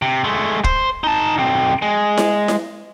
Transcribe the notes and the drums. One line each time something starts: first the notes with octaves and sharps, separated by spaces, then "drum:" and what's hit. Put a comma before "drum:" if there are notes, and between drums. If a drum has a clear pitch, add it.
C3
G#3 A3
C5, drum: kick
D#4 A5
B1 C4
G#3
drum: snare E4
drum: snare E4